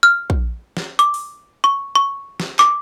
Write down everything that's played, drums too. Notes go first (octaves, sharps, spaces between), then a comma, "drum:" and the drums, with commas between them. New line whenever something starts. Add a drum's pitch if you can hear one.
F6
drum: kick
drum: snare
D6, drum: hi-hat
drum: open hi-hat
C#6
C#6
drum: snare
D6, drum: clap